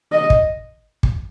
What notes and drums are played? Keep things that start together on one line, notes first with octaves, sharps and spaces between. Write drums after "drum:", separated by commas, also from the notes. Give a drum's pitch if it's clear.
D#5
drum: kick
drum: kick